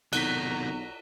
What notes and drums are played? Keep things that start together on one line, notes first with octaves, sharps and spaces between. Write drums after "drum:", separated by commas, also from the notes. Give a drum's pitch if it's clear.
B1 C3 D#3 F#4 A#5 F#6 B6, drum: cymbal